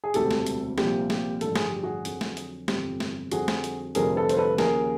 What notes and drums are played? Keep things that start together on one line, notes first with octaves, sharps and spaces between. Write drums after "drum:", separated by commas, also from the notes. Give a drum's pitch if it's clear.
G#4
E1 D2 C3 E3 G3 G4 A4, drum: hi-hat
drum: snare
drum: hi-hat
C2 A#2 F3 G4, drum: snare
G4, drum: snare
A1 G2 D3 F3 A4, drum: hi-hat
G#4, drum: snare
G4
F#4 G#4
F2 D3 F#3, drum: hi-hat
drum: snare
drum: hi-hat
G1 F2 C3 E3 G3 G4, drum: snare
drum: snare
F2 D3 G3 F#4 G#4, drum: hi-hat
drum: snare
drum: hi-hat
F1 F2 D3 G3 G#4 A#4, drum: hi-hat
A4 B4
C5, drum: hi-hat
A4 B4
D#2 C#3 F3 G#4 A#4, drum: snare